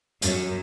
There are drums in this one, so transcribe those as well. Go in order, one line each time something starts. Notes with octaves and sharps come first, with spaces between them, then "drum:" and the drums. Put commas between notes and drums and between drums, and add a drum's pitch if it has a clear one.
F#2, drum: hi-hat